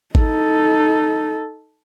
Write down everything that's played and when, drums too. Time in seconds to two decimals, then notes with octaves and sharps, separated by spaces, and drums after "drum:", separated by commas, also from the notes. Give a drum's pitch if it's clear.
0.15 D#4 A4, drum: kick G#1